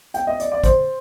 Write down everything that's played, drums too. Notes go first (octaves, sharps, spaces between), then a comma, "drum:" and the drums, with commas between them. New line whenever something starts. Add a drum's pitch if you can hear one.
G5, drum: hi-hat
D#5
D5, drum: hi-hat
D5
C5, drum: kick, hi-hat